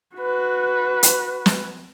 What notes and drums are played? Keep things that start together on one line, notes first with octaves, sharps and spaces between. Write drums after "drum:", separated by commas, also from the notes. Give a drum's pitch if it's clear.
F#4 B4
drum: hi-hat
drum: snare